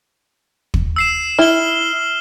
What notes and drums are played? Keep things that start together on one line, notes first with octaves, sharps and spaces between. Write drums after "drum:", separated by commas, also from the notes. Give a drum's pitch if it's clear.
drum: kick
E6 C7 E7
E4 F6 G7